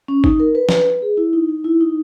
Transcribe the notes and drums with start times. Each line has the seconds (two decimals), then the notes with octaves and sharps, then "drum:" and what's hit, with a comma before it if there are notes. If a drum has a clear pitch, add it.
0.08 C#4
0.24 D#4, drum: kick
0.40 A#4
0.55 B4
0.69 drum: snare
1.02 G#4
1.17 E4
1.33 D#4
1.49 D#4
1.64 E4
1.81 D#4